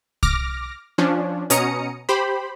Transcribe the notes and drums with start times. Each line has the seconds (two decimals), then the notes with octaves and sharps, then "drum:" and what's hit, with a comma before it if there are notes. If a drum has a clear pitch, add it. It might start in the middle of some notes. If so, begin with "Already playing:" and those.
0.23 D6 F6 A#6, drum: kick C2
0.98 F3 C#4 D4
1.50 B2 C#4 A#5 D#6 C#7, drum: hi-hat
2.09 G4 C5 B5